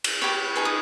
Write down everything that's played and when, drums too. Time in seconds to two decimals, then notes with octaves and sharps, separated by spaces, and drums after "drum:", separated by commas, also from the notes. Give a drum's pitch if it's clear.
0.04 drum: cymbal
0.22 G4 C#5 B5
0.56 D#4 G#4 B4 C#6
0.65 D#6